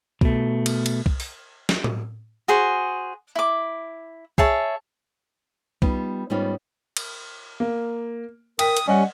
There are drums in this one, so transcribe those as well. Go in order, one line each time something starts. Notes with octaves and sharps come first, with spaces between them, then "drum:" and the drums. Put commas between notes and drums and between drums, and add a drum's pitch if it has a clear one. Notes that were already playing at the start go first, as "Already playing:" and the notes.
B2 A3, drum: kick
drum: cymbal
drum: cymbal
drum: kick
drum: open hi-hat
drum: snare
drum: tom A2
F#4 G#4 C5
E4 D6
G#4 C#5 E5 A5, drum: kick
G3 B3 D#4 F4, drum: kick
G#2 G3 B3 C#4 D#4 F4
drum: cymbal
A#3
A#4 G5 D#6 B6, drum: cymbal
drum: hi-hat
G3 C#4 D5 D#5 F#5